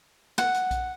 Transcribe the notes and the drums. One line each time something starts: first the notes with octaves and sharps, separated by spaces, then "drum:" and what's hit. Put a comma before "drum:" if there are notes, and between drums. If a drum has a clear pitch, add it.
F#5, drum: snare
drum: hi-hat
drum: kick, hi-hat